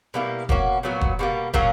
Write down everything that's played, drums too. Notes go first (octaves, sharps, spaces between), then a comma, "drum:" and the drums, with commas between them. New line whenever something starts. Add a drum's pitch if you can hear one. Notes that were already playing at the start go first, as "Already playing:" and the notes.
B2 G3 A#3 E4
B2 A#3 C#4 F#4, drum: kick
A#2 F#3 B3 F#4
drum: kick
B2 G3 A#3
A#2 F#3 A#3 C#4, drum: kick